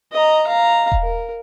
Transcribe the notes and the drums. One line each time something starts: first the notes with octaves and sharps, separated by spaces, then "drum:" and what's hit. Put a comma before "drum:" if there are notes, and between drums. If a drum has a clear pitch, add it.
D#5 A#5
F5 A#5
drum: kick D#1
A#4